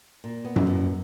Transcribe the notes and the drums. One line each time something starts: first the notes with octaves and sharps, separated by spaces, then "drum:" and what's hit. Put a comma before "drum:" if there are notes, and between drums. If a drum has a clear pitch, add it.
A#2
B3
F#2, drum: tom F#2
A#2